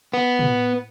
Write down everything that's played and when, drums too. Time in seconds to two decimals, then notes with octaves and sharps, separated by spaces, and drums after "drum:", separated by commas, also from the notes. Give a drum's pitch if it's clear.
0.14 B3
0.39 drum: tom